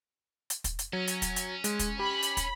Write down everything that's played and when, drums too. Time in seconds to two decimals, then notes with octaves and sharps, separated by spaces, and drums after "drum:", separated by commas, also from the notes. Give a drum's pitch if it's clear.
0.50 drum: hi-hat
0.64 drum: kick, hi-hat
0.79 drum: hi-hat
0.93 F#3 C#4
1.07 drum: hi-hat
1.22 drum: kick, hi-hat
1.36 drum: hi-hat
1.64 G#3, drum: hi-hat
1.79 drum: kick, hi-hat
1.99 G4 B5
2.23 drum: hi-hat
2.37 drum: kick, hi-hat